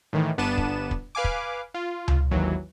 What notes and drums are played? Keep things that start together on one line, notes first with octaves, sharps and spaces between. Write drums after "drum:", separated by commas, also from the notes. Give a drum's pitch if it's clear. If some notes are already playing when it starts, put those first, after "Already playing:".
A2 D#3 E3
G1 B3 D4 A5 D#7 E7
drum: kick
drum: kick
B4 F5 G#5 D6
drum: kick
F4
drum: tom C#2
G#1 D#2 E3 F#3